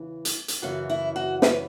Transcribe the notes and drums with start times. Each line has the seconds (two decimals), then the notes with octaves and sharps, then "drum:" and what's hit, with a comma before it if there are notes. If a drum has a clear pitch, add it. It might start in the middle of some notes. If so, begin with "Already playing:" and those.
Already playing: E2 C#3 E3
0.25 drum: hi-hat
0.48 drum: hi-hat
0.62 F#2 C#3 E3 C#4 F#4
0.90 E4
1.16 F#4
1.42 B4, drum: snare